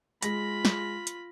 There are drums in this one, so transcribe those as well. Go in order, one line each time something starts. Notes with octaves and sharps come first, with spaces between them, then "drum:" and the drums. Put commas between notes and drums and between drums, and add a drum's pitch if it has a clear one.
G#3 F4 B5 A#6, drum: hi-hat
drum: snare
drum: hi-hat